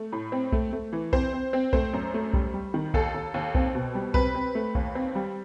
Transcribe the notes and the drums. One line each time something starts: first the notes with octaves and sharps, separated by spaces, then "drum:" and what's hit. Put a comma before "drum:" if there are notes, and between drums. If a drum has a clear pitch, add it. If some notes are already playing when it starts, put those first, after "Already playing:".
Already playing: A3
A2
C4
A3, drum: kick B1
A3
E3
C4 C5, drum: kick B1
C4
C4
A3 C5, drum: kick B1
F#2
A3
G3, drum: kick B1
G3
D#3
D#2 A4, drum: kick B1
D#2
D#2
C4, drum: kick B1
B2
G3
C4 B4, drum: kick B1
C4
A3
D#2, drum: kick B1
C4
G3